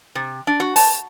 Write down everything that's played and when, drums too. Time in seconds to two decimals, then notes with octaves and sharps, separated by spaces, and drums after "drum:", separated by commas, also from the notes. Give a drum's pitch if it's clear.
0.15 C3
0.47 D4
0.60 F#4
0.76 A5, drum: open hi-hat